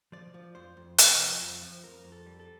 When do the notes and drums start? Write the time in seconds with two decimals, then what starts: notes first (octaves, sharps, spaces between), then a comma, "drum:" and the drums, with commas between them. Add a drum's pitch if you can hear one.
0.12 F3 D5
0.34 F3
0.55 F2 C5
0.77 F2
0.98 C3, drum: hi-hat
1.19 F3
1.41 F2
1.62 F3
1.83 F2 A#4
2.04 F2
2.12 A4
2.26 G3
2.40 A4